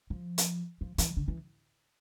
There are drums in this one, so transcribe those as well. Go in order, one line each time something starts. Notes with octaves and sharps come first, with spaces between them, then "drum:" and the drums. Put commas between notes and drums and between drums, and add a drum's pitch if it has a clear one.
F3
drum: hi-hat
F3
E3, drum: hi-hat
D3
E3